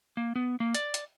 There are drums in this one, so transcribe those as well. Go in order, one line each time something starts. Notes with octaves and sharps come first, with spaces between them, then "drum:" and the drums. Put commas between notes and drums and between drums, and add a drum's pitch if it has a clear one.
A#3
B3
A#3
D5, drum: hi-hat
drum: hi-hat